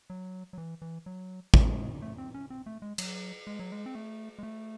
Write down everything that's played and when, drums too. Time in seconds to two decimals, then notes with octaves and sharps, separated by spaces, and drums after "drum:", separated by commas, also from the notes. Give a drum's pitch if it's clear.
0.10 F#3
0.53 F#3
0.58 E3
0.82 E3
1.06 F#3
1.54 G#3, drum: kick
2.02 A3
2.18 C4
2.34 C#4
2.50 C4
2.66 A3
2.82 G#3
2.98 F#3, drum: cymbal
3.47 G#3
3.59 F#3
3.72 G#3
3.86 C4
3.95 A3
4.39 G#3
4.43 A3